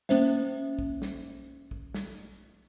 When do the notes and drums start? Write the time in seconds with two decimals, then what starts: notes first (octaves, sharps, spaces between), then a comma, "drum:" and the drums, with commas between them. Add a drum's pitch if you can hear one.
0.09 A#3 C#4 C5 E5, drum: snare
0.79 drum: kick
1.02 drum: snare
1.71 drum: kick
1.94 drum: snare